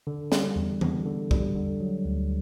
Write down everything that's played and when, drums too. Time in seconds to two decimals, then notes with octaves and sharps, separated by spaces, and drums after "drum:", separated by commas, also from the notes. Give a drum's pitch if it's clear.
0.07 D3
0.32 G3, drum: snare
0.56 E2
0.81 E2, drum: tom E3
1.05 D3
1.31 G3, drum: kick
1.55 D3
1.80 F#3
2.05 D2